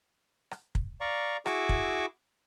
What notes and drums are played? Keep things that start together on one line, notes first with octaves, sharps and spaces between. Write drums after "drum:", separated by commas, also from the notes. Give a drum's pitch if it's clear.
drum: rim click
drum: kick
D5 F5 A#5 C#6
E4 F#4 G#4 C#6 D6 E6, drum: rim click
drum: kick